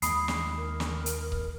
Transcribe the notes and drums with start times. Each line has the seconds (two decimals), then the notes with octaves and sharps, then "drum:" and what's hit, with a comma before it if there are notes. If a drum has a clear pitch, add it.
0.02 D#2 G#3 A#3 B5 D#6 C7, drum: hi-hat
0.28 drum: snare
0.57 A#4
0.80 drum: snare
1.06 drum: hi-hat
1.32 drum: kick C#1